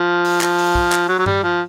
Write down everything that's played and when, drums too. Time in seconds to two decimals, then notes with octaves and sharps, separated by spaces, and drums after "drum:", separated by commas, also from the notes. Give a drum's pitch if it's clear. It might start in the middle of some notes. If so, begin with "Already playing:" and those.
Already playing: F3
0.25 drum: open hi-hat
0.41 F3, drum: clap
0.58 drum: open hi-hat
0.75 drum: kick
0.92 drum: clap
1.08 F#3
1.18 F#3
1.26 G3, drum: tom G2
1.43 F3